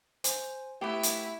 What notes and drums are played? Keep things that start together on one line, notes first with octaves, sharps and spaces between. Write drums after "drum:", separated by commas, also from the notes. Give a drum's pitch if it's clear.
C5 G#5, drum: hi-hat
A3 B3 E4 G4 E5 F#5 C#6
drum: hi-hat